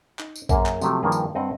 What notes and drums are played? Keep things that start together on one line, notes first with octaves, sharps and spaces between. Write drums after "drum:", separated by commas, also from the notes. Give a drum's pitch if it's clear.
D#4, drum: clap
drum: tambourine
F#2 A#3 G#4, drum: kick A#1, tambourine
drum: clap
C3 F3 F#3 A3 C#4 G4, drum: tambourine
G2 D#3 F3 A#3 G#4
drum: tambourine
G2 C4 D#5 F#5